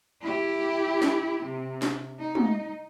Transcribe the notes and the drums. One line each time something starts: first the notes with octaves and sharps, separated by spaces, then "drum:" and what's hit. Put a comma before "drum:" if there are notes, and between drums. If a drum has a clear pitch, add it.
E4 G4
drum: snare
C3
drum: snare
D#4
drum: tom